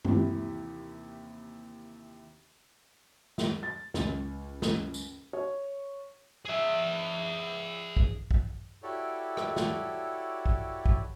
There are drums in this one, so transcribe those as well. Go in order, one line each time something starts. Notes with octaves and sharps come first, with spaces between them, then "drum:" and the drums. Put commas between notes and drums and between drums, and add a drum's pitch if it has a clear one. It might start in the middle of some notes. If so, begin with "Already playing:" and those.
D#2 C3 E3, drum: tom
drum: snare
A6
C#2, drum: snare
drum: snare
drum: tambourine
C#5
G#4 E5
drum: kick
drum: kick
E4 F#4 G4 A4 C#5 D5
drum: rim click
drum: snare
drum: kick
drum: kick